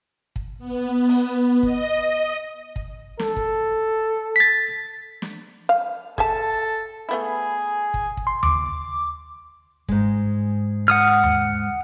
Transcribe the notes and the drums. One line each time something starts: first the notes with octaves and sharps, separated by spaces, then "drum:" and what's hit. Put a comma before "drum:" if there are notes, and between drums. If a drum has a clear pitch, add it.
drum: kick
B3
drum: open hi-hat
D#5, drum: kick
drum: kick
A4, drum: snare
drum: kick
A6 B6
drum: snare
F5
G#4 A4 E5 A5, drum: kick
A3 B3 E4 G#4
drum: kick
drum: kick
C6
D6, drum: tom D#2
G#2 G#3, drum: kick
F#5 D#6 F6
drum: tom D#2